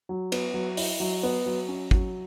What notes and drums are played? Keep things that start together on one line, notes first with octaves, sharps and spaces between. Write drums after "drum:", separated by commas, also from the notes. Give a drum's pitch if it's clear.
F#3
B3, drum: cymbal
F#3
E4, drum: open hi-hat
F#3
B3
F#3
C#4
F#3, drum: kick